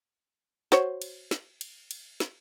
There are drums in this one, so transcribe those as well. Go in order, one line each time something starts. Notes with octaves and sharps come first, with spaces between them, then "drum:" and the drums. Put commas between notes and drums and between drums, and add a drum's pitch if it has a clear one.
F#4 C5 C#5, drum: snare
drum: cymbal
drum: snare
drum: cymbal
drum: cymbal
drum: snare